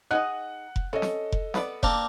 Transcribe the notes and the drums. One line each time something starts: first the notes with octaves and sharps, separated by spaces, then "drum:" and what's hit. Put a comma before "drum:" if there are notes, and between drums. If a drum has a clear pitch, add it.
D#4 G#4 D#5 F#5 F#6
drum: kick F1
C#4 A4 D#5
drum: snare
drum: kick F1
B3 B4 D5, drum: snare
A#3 C4 D4, drum: kick F1